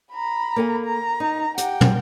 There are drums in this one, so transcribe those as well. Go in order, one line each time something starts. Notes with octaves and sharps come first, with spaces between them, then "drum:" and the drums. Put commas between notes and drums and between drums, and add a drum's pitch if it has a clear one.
A#5 B5
A#3 A4 G#5
A#5
D#4
G4 F#5 G5, drum: hi-hat
drum: tom